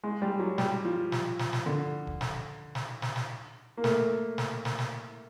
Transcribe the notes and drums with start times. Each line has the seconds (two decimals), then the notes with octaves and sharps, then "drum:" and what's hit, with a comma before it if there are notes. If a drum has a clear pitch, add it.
0.04 G#3
0.22 G3
0.39 F#3
0.58 G3, drum: snare
0.85 F3
1.12 drum: snare
1.39 drum: snare
1.53 drum: snare
1.66 D3
2.07 drum: kick
2.21 drum: snare
2.75 drum: snare
3.02 drum: snare
3.16 drum: snare
3.77 A#3
3.84 A3, drum: snare
4.38 drum: snare
4.65 drum: snare
4.79 drum: snare